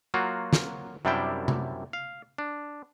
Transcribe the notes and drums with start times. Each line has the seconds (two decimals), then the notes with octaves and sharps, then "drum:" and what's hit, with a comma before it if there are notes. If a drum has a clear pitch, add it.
0.14 F#3 A#3 F4 F#4
0.53 drum: snare
1.05 F#2 C3 G3 D4 E4 G5
1.48 drum: tom C3
1.93 F5
2.38 D4